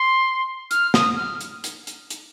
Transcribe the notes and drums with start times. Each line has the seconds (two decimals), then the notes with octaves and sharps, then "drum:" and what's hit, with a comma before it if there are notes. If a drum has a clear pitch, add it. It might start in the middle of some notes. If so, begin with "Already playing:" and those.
Already playing: C6
0.71 F6, drum: hi-hat
0.94 D#6, drum: snare
1.17 F6
1.41 drum: hi-hat
1.64 drum: hi-hat
1.87 drum: hi-hat
2.10 drum: hi-hat